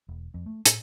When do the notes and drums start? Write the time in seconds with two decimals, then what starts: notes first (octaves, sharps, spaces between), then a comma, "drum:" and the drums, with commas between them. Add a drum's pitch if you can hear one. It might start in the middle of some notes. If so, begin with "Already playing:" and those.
0.08 E1
0.34 F2
0.46 A3
0.66 A2, drum: hi-hat